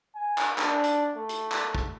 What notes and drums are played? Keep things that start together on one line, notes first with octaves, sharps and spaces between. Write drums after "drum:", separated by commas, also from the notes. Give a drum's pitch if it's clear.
G#5
drum: clap
D4, drum: clap
drum: hi-hat
A3
drum: hi-hat
drum: clap
drum: kick